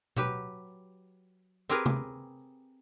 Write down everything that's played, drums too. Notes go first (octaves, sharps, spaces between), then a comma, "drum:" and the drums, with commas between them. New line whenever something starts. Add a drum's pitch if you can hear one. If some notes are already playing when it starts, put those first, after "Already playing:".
F#3 G4 B4, drum: tom B2
C4 G4 G#4 A#4 B4
drum: tom C3